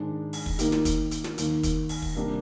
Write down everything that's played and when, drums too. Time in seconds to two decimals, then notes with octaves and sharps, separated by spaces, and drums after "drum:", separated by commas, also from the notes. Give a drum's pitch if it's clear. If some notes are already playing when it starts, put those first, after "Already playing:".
Already playing: G#2 D#3 G#3 D4
0.33 drum: open hi-hat
0.46 drum: kick
0.59 D#3 A#3 D#4 G4, drum: hi-hat
0.72 drum: snare
0.85 drum: kick, hi-hat
1.11 drum: hi-hat
1.24 drum: snare
1.38 D#2 D#3 A#3, drum: hi-hat
1.63 drum: kick, hi-hat
1.89 drum: open hi-hat
2.02 drum: kick
2.15 C3 G3 A#3 D4 G4